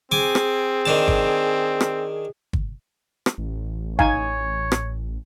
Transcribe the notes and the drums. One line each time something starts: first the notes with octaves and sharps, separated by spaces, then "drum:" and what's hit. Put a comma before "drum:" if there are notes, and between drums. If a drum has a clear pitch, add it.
C4 G#4 G#5 D6
drum: rim click
D#3 D4 A5
drum: kick
drum: rim click
drum: kick
drum: rim click
A1
D#4 C#5 F5 G#5, drum: kick
drum: rim click